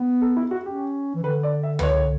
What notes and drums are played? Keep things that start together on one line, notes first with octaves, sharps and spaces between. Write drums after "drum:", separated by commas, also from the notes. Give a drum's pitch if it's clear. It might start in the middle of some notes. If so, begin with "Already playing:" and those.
Already playing: B3
A4
E4
F#4
C#4 G4
E3
D3 B4
D5
E5
B4, drum: tom
C#5